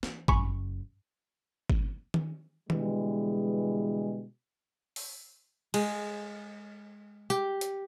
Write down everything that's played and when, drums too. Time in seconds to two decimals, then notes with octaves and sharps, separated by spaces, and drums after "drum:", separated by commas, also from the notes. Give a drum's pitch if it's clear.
0.03 E3, drum: snare
0.28 F#1 G#5 B5 C#6, drum: kick
1.70 drum: kick
2.14 drum: tom D#3
2.70 B2 D3 E3 G3 G#3, drum: tom D#3
4.96 drum: open hi-hat
5.74 G#3, drum: cymbal
7.30 G4, drum: tambourine
7.61 drum: hi-hat